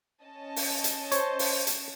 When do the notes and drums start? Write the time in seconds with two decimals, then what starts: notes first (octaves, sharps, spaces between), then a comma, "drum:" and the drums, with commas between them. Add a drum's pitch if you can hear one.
0.23 C#4 D#5 A5
0.56 drum: open hi-hat
0.84 drum: hi-hat
1.12 C5 C#5, drum: hi-hat
1.39 drum: open hi-hat
1.67 drum: hi-hat